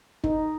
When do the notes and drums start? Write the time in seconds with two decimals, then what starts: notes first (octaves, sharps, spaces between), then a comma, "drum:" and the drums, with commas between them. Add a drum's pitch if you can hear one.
0.24 D#4, drum: kick